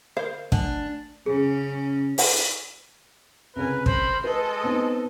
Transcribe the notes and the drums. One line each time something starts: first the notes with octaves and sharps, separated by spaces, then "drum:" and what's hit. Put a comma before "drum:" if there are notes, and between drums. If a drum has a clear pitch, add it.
D3 A#4 C5 F5
A3 D4 G#5, drum: kick
C#3 C#4 G#4
drum: open hi-hat
C2 C#3 A#4 B4 G#5
A#4 C5 B5, drum: kick
G#3 A4 B4 D#5
B3 C4 D#4